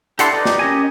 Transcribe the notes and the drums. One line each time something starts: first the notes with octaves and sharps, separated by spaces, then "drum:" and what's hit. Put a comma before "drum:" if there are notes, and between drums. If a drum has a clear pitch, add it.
D4 E4 G4 A4 F#5 C6, drum: hi-hat
D#4 A4 B4 D5
G4 D#5, drum: snare
C#4 A#4 G#5